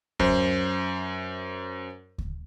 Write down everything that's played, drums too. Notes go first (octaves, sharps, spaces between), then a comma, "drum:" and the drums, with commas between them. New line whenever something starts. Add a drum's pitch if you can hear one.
F#2 C5, drum: kick D2
drum: kick D2